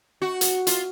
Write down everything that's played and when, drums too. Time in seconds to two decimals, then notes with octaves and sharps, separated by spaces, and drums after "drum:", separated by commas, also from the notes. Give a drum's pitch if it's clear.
0.22 F#4
0.41 drum: hi-hat
0.67 F4, drum: hi-hat